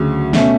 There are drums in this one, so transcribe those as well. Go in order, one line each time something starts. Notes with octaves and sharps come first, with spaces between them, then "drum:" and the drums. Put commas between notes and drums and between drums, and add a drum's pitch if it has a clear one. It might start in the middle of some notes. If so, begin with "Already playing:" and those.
Already playing: D2 C#3 F#3
B2 A3 C#4, drum: snare